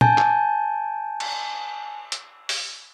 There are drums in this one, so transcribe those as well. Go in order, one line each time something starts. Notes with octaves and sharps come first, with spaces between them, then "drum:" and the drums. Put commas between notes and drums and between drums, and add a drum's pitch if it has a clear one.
G#5 A5 G6, drum: tom A#2
drum: clap
drum: cymbal
drum: hi-hat
drum: open hi-hat